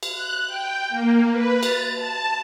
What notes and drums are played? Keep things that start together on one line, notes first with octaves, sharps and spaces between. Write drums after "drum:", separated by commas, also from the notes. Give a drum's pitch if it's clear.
drum: cymbal
F#6
G5
A#3
B4
A6, drum: cymbal
A5